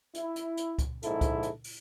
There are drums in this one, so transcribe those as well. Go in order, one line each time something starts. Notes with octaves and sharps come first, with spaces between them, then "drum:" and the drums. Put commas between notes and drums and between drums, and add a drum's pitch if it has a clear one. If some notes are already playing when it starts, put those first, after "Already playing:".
E4, drum: hi-hat
drum: hi-hat
drum: hi-hat
drum: kick C#2, hi-hat
A#1 G#2 E4 A4, drum: hi-hat
drum: kick C#2, hi-hat
drum: hi-hat
drum: open hi-hat